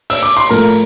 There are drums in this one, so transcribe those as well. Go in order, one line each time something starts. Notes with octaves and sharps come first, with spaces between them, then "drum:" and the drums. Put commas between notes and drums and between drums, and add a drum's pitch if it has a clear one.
E6, drum: open hi-hat
D6
C6
A2 F3 A3 A#4 A#5